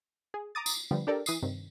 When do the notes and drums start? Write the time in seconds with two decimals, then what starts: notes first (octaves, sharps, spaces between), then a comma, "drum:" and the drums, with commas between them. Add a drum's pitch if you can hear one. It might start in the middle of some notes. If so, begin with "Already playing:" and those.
0.34 G#4
0.55 A#5 D6 D#6 A6
0.66 drum: tambourine
0.91 D3 F3 G3 B3
1.07 D4 G4 A4 A#4 D5
1.26 E3 D#6 C7, drum: tambourine
1.42 G2 C3 D#3